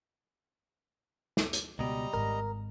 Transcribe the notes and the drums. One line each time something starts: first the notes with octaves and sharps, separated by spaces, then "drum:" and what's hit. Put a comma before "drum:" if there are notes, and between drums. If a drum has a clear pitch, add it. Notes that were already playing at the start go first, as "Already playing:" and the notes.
drum: snare
drum: hi-hat
C#2 B2 G3 D#5 A#5
G#1 A#4